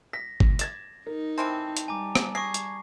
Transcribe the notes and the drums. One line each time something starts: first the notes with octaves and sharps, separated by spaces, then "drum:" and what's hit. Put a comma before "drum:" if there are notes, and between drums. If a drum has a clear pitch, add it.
A#6 B6
drum: kick G1
G#6 A6 E7, drum: hi-hat
D#4 A#4
D#3 E3 C4 A5
drum: hi-hat
G3 G#5 A#5 D6
drum: rim click
G#4 C#6 A#6 C7
drum: hi-hat